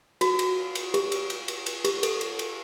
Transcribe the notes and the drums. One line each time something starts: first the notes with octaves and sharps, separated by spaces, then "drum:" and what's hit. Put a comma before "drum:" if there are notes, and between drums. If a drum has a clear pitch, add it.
F#4, drum: cymbal
drum: cymbal
drum: cymbal
G4, drum: cymbal
drum: cymbal
drum: cymbal
drum: cymbal
drum: cymbal
G4, drum: cymbal
A4, drum: cymbal
drum: cymbal
drum: cymbal